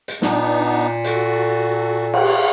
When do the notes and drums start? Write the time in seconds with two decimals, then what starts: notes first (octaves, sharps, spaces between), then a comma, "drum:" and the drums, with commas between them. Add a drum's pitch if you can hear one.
0.08 drum: hi-hat
0.22 A#2 B3 D4 D#4, drum: snare
1.04 F#4 A4, drum: hi-hat
2.14 drum: cymbal